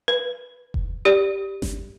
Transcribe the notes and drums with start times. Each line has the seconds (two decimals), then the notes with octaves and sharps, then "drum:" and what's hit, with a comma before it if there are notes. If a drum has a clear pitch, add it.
0.08 B4
0.74 drum: kick F1
1.05 G4 D5
1.62 drum: snare G1